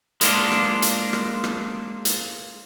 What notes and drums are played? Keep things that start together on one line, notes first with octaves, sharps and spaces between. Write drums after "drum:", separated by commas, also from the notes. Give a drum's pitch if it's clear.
G#3 A#3 D4 F4, drum: hi-hat
drum: rim click
drum: hi-hat
drum: rim click
drum: rim click
drum: hi-hat